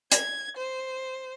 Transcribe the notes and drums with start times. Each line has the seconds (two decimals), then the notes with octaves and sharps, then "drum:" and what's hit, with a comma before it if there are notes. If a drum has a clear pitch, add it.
0.12 G#6, drum: hi-hat
0.57 C5